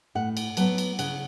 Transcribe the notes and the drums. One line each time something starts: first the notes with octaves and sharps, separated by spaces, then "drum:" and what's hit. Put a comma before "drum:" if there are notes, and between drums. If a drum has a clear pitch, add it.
A2 F#5
drum: cymbal
F#3 B3 A5, drum: cymbal
drum: cymbal
C#3 F#5, drum: cymbal